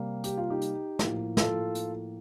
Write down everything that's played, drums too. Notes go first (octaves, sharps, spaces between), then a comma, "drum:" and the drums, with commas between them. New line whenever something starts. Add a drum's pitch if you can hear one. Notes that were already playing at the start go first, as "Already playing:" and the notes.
Already playing: C3 G3 A#3
G4, drum: hi-hat
F4
D#4 G4
drum: hi-hat
A2 F3 A#3, drum: snare
F4 A4, drum: snare
drum: hi-hat